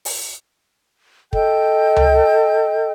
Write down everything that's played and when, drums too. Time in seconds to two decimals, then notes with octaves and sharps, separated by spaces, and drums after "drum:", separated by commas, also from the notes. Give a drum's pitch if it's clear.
0.05 drum: open hi-hat
1.33 A4 D#5 G5 G6, drum: kick
1.96 drum: tom C#2